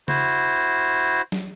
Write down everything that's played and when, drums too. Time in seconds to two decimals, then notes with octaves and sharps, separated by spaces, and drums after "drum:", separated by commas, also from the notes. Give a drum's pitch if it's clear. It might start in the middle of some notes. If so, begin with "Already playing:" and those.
0.08 E4 F#4 C5, drum: tom C#3
1.32 drum: snare